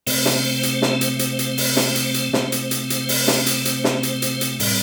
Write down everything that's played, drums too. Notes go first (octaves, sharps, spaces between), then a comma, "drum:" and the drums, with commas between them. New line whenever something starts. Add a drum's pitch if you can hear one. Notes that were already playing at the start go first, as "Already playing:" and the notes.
C3 A3 C4 C5, drum: open hi-hat
drum: snare
drum: hi-hat
drum: snare
drum: hi-hat
C5, drum: hi-hat
drum: hi-hat
drum: open hi-hat
drum: snare
drum: hi-hat
drum: hi-hat
C3 A3 C4, drum: snare
drum: hi-hat
drum: hi-hat
C5, drum: hi-hat
drum: open hi-hat
drum: snare
drum: hi-hat
drum: hi-hat
drum: snare
drum: hi-hat
drum: hi-hat
drum: hi-hat
A2 G3 C4, drum: open hi-hat